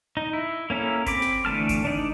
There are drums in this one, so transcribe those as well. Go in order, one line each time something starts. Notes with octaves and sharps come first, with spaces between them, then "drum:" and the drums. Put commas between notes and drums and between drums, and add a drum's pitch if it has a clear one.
D#4
E4
A#3 C#4 E4 A4 A#5
C4 B5 D6, drum: kick G1, hi-hat
drum: snare
D3 E3 A3 A5 F6
drum: kick G1, hi-hat
D4 D#4 D5